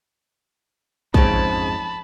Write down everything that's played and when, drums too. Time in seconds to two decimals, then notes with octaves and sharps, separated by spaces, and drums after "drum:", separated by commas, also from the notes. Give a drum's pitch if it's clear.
1.14 F2 G#2 C#3 C4 A5 B5, drum: kick